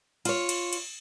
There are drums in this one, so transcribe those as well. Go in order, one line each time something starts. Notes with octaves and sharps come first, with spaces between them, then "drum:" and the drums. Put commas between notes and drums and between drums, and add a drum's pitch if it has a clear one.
F4 C#5, drum: cymbal
drum: cymbal
drum: cymbal